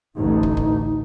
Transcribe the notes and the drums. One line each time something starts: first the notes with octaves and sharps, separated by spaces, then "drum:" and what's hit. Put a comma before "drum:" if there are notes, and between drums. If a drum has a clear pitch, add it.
A1 D2 D#4
drum: kick
drum: kick